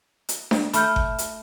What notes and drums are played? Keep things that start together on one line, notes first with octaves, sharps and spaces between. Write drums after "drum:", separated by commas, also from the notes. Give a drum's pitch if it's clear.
drum: hi-hat
drum: snare D4
A3 B5 F6 G6, drum: hi-hat
drum: kick G1
drum: hi-hat